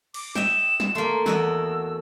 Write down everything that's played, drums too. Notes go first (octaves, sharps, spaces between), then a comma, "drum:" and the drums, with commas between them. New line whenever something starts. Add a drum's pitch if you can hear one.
D6, drum: cymbal
D#5 E5 G5 E7, drum: snare
drum: snare
A3 A#3 C6
E2 F#4 D#5 E6, drum: snare